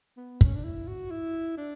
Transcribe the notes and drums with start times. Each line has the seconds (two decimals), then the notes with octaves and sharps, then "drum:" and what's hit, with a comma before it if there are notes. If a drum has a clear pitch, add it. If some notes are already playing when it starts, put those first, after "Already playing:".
0.17 B3
0.41 C#4, drum: kick
0.54 D4
0.64 E4
0.88 F#4
1.10 E4
1.57 D4